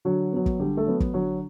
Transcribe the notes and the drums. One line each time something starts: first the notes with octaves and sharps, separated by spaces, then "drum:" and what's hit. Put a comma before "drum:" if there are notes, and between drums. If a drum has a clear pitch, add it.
D3 F#3 F#4
F#3 B3
drum: kick
D3 G3 G4
A3 A4
F#3 B3
drum: kick
D3 F#3 F#4